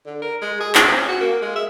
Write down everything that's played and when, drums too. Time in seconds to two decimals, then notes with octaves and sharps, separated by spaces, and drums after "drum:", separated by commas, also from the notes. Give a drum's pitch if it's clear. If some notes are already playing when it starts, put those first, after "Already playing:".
0.06 D3
0.22 A#4
0.42 G#3
0.60 G#4
0.75 C4, drum: clap
0.94 C#4
1.08 F#4
1.20 A#3
1.42 G#3
1.56 E5